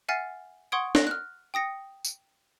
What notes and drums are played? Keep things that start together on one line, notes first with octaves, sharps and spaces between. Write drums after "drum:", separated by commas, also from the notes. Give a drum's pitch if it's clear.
E5 F#5 G#5 F6 A6 C7
F#5 C6 C#6 D#6 G#6 D7
F#6 A#6 D7, drum: snare
F6 F#6
G5 D#6 A#6 C#7
drum: tambourine